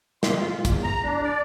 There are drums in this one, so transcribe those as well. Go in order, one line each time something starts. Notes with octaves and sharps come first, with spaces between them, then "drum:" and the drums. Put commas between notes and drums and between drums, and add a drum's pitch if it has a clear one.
C6, drum: snare
F4
A#2
E2, drum: kick, hi-hat
A#5
D4
D5